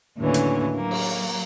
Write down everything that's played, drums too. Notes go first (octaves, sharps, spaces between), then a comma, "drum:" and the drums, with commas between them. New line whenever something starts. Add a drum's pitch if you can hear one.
D#2 A2 D3 E3 F#3 C#4
drum: hi-hat
F#3 A#3
drum: cymbal